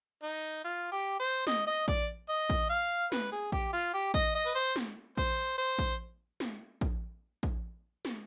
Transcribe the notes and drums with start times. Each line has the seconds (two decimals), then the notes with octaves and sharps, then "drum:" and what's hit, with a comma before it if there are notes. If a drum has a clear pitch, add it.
0.23 D#4
0.64 F4
0.92 G4
1.20 C5
1.47 D#5, drum: snare
1.67 D#5
1.88 D5, drum: kick A#1
2.29 D#5
2.50 drum: kick A#1
2.70 F5
3.12 B4, drum: snare
3.32 G#4
3.52 G4, drum: kick A#1
3.73 F4
3.94 G4
4.14 D#5, drum: kick A#1
4.35 D#5
4.46 B4
4.55 C5
4.76 drum: snare
5.17 C5, drum: kick A#1
5.58 C5
5.79 drum: kick A#1
6.40 drum: snare
6.81 drum: kick A#1
7.43 drum: kick A#1
8.05 drum: snare